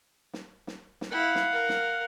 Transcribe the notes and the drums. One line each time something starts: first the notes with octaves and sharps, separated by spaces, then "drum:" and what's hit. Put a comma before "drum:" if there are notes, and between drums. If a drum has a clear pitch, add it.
drum: snare
drum: snare
drum: snare
E4 F5 F#5
drum: snare
A#4
drum: snare